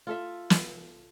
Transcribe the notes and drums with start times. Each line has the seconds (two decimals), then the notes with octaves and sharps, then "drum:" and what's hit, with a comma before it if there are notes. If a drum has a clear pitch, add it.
0.07 F4 A4 E5
0.50 drum: snare